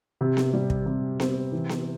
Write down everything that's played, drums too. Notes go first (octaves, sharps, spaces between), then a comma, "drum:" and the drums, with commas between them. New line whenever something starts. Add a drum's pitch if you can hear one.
C3
drum: snare B3
G3
drum: kick
C3
C4, drum: snare B3
E3
drum: snare B3